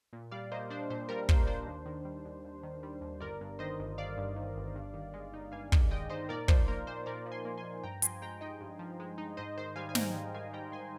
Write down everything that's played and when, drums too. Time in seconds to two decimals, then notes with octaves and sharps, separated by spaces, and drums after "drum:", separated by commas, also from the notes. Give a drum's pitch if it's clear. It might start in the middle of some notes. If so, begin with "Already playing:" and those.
0.13 A#2
0.31 G3 D5 F5
0.52 A#3 C5 D#5
0.70 D4 C5
0.90 A#2 C5
1.09 G3 A#4
1.29 A#3 C5, drum: kick
1.47 D4 C5
1.67 D#2
1.86 D#3
2.05 G3
2.25 D#2
2.44 D#2
2.63 D#3
2.83 G3
3.01 D#2
3.20 G1 A#4 D5
3.41 G2
3.59 D#3 C5 D#5
3.79 G1
3.98 G1 D5 F5
4.18 G2
4.36 D#3
4.56 G1
4.76 G2
4.94 D#3
5.14 G#3
5.34 D#4
5.52 G2 F5 G#5
5.72 D#3, drum: kick
5.91 G#3 D#5 G5
6.09 D#4 C5 D#5
6.29 A#2 A#4 D5
6.48 F3 C5, drum: kick
6.68 A#3 A#4
6.87 A#2 C5
7.06 A#2 A#4 D5
7.26 F3
7.32 G#5 C6
7.45 A#3
7.58 G#5 C6
7.64 A#2
7.83 G2 G5 A#5
8.02 F3 G#5 C6, drum: hi-hat
8.22 G#3 G5 A#5
8.41 D#4 D#5 G5
8.61 G2
8.79 F3
9.00 G#3
9.18 D#4
9.37 G#2 C5 D#5
9.58 D#3 C5
9.76 G3 F5 G#5
9.89 G#5
9.95 G#2 G5 A#5, drum: snare
10.15 G#2
10.34 D#3 F5 G#5
10.53 G3 G5 A#5
10.72 G#2 G#5 C6